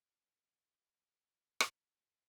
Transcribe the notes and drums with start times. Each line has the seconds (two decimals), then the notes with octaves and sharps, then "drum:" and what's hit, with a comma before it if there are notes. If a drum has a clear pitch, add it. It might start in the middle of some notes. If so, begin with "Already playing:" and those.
Already playing: G#3
0.34 D#3
1.60 drum: rim click